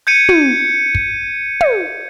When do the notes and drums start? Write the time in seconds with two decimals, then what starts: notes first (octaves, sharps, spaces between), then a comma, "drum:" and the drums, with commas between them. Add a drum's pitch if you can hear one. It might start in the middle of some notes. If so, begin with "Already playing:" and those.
0.07 G6 G#6 C#7 D#7
0.29 drum: tom
0.95 drum: kick
1.61 drum: tom